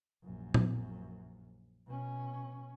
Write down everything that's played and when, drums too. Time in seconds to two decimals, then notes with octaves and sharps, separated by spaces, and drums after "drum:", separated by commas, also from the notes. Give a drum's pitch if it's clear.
0.24 A#1 F#2
0.54 drum: tom
1.87 B2 C#4